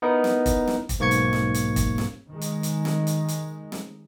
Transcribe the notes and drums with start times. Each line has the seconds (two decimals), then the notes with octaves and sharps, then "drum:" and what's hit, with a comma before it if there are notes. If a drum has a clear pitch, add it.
0.02 B3 D#4 E4 A#4
0.24 drum: snare
0.46 drum: kick, hi-hat
0.67 drum: snare
0.89 drum: kick, hi-hat
0.99 B1 G#2 A#3 C#6 G#6 C#7
1.11 drum: hi-hat
1.33 drum: snare
1.54 drum: hi-hat
1.76 drum: kick, hi-hat
1.98 drum: snare
2.30 D#3 G#3
2.41 drum: hi-hat
2.63 drum: hi-hat
2.85 drum: snare
3.07 drum: hi-hat
3.28 drum: hi-hat
3.72 drum: snare